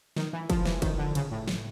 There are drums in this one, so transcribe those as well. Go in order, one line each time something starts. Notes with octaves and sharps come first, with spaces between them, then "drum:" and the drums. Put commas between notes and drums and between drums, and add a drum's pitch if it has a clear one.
D#3, drum: snare
E3
F3, drum: kick, cymbal
E3, drum: snare
D#3, drum: kick, cymbal
D3
C#3, drum: cymbal
A2
drum: snare